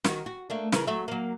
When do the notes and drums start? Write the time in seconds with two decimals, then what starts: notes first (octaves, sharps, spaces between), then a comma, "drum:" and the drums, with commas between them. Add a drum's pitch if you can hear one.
0.04 D#3 F#4, drum: snare
0.26 F#4
0.50 A3 A#3 D4
0.72 C#3 E3 A#4, drum: snare
0.87 F#3 A3 E5
1.08 F#3 A#3